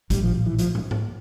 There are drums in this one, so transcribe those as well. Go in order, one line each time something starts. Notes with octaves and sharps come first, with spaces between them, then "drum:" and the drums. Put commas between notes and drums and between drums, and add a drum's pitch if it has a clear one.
A#1 A2 G3, drum: kick, hi-hat
F3
E3
F3, drum: hi-hat
drum: tom
drum: tom G#2